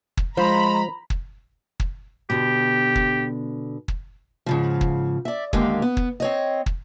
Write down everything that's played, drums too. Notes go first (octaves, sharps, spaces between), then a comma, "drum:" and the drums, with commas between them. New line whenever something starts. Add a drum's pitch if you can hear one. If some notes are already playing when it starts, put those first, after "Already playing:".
drum: kick
F3 G#3 C5 A#5 B5
drum: kick
drum: kick
B2 D3 G4
drum: kick
drum: kick
G#2 C#3 F3
drum: kick
D5 E5
D#2 D3 G#3 A#3 G4 F5, drum: kick
B3
drum: kick
C4 C#5 D#5
drum: kick